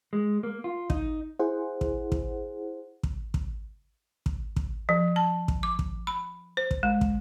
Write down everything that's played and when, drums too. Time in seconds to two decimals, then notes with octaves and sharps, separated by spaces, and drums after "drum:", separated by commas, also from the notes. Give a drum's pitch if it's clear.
0.13 G#3
0.43 A#3
0.64 F4
0.90 D#4, drum: kick
1.39 E4 G#4 C5 F#5
1.81 drum: kick
2.12 drum: kick
3.03 drum: kick
3.34 drum: kick
4.26 drum: kick
4.56 drum: kick
4.89 F3
5.16 A5
5.48 drum: kick
5.63 D6
5.79 drum: kick
6.07 B5
6.57 C5
6.71 drum: kick
6.83 G#3
7.01 drum: kick